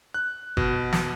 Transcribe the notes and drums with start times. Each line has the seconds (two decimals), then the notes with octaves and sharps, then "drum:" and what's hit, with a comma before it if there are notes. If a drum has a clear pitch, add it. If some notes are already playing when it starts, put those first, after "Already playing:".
0.14 F#6
0.57 B2, drum: kick G1
0.93 drum: snare